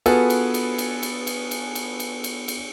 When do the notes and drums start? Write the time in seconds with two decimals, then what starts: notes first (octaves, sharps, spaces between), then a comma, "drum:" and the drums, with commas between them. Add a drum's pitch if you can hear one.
0.06 B3 F4 F#4 G#4 A4 B4, drum: cymbal
0.30 drum: cymbal
0.54 drum: cymbal
0.78 drum: cymbal
1.03 drum: cymbal
1.27 drum: cymbal
1.51 drum: cymbal
1.75 drum: cymbal
2.00 drum: cymbal
2.24 drum: cymbal
2.48 drum: cymbal